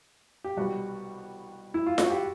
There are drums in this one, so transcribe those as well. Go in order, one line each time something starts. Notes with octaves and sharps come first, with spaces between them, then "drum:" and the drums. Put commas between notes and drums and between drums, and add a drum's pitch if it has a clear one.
G4
C2 B2 G3 F#4
E4
F4
F#4, drum: snare F4
G4